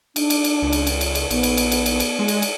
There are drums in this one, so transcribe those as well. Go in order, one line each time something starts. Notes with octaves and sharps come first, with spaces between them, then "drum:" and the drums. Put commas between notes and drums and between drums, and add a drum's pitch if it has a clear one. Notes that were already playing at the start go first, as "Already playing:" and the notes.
D4, drum: cymbal
drum: cymbal
drum: cymbal
C#2
drum: cymbal
drum: cymbal
drum: cymbal
drum: cymbal
A#1 B3, drum: cymbal
drum: cymbal
drum: cymbal
drum: cymbal
drum: cymbal
drum: cymbal
G#3
drum: cymbal
drum: cymbal